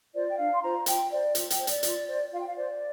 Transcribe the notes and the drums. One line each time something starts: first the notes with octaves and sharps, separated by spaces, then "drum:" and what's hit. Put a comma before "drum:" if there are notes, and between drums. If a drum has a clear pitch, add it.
F4 C5 D5
G5
D4 F5
C6
F4 C5 A#5
F4 G5, drum: hi-hat
C5 D5
F4, drum: hi-hat
G5, drum: hi-hat
C5
D5, drum: hi-hat
F4, drum: hi-hat
C5
F4 F5
G5
F5
C5 D5